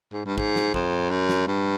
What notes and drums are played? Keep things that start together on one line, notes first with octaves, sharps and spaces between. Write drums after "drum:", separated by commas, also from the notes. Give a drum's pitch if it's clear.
G#2
G2
G#2, drum: kick
drum: snare
F2, drum: kick
F#2
drum: snare
G2